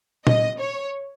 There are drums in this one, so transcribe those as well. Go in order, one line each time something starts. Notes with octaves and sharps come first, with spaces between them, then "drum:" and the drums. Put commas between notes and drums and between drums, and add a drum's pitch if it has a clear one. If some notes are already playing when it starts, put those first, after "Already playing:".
D#5, drum: tom A#2
C#5